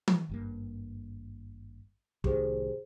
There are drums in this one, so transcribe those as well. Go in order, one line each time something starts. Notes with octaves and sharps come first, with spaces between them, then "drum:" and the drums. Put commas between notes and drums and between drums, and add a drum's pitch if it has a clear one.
drum: tom E3
G#1 G2 A#3
C2 A2 D#3 G4 G#4 C5, drum: kick